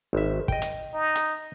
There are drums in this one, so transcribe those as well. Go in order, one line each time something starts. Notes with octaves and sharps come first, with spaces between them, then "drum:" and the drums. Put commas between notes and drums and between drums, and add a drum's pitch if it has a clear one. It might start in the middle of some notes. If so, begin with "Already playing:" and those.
G#1 E5
D#5 G5, drum: kick
drum: hi-hat
D#4
drum: hi-hat